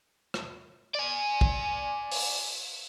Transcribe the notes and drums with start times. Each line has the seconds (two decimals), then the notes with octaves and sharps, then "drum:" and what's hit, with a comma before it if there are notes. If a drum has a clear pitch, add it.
0.34 drum: rim click
0.95 D5 G#5
1.41 drum: kick
2.12 drum: open hi-hat